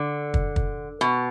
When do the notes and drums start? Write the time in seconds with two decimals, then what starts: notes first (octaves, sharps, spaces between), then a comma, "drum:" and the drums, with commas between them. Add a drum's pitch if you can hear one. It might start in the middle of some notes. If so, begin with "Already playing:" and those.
Already playing: D3
0.34 drum: kick
0.56 drum: kick
1.01 B2